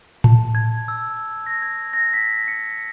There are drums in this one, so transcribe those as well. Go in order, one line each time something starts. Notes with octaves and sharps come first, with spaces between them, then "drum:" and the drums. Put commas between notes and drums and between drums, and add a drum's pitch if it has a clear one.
A5, drum: tom A2
G#6
E6
A#6
G#6
A#6
B6
C#7